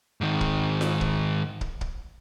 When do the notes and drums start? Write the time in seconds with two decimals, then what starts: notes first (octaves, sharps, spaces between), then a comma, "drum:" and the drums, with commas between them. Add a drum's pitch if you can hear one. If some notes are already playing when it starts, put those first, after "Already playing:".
0.21 G#2 D#3
0.41 drum: kick
0.81 drum: snare F4
1.01 drum: kick
1.61 drum: kick
1.81 drum: kick